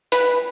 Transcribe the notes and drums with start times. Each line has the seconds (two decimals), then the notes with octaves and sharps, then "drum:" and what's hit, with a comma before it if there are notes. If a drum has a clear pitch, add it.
0.12 B4, drum: hi-hat